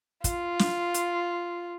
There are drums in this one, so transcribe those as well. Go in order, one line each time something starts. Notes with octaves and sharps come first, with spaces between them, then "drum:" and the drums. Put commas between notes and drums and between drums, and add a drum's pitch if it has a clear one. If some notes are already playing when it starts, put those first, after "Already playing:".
F4, drum: kick, hi-hat
drum: snare
drum: hi-hat